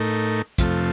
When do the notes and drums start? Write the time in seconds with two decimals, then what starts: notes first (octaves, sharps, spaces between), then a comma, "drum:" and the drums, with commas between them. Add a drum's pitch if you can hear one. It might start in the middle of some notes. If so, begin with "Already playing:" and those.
Already playing: A2 A3 D#4 A#4
0.58 F2 C3 F3 A3, drum: kick, hi-hat